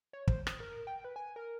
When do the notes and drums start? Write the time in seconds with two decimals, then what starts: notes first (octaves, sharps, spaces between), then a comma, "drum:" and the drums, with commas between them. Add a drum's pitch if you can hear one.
0.13 C#5
0.27 C5, drum: kick
0.47 D#6, drum: rim click
0.60 A#4
0.87 G5
1.04 B4
1.16 G#5
1.36 A#4